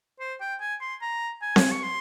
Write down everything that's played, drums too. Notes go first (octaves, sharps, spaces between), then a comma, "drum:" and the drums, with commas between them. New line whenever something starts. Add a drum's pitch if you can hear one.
C5
G5
G#5
C6
A#5
G#5
drum: snare C4
C#6
C6